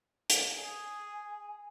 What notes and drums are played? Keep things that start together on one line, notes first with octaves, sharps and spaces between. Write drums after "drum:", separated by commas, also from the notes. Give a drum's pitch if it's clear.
drum: hi-hat
G#4 G#5